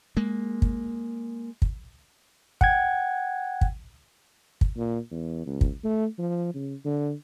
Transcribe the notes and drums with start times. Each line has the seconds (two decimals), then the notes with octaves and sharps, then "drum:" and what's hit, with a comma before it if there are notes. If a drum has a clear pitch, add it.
0.17 G#3 A#3
0.62 drum: kick
1.62 drum: kick
2.61 F#5 G5 G#6, drum: kick
3.61 drum: kick
4.61 drum: kick
4.76 A#2
5.11 E2
5.46 C#2
5.61 drum: kick
5.84 A3
6.19 F3
6.54 C#3
6.85 D3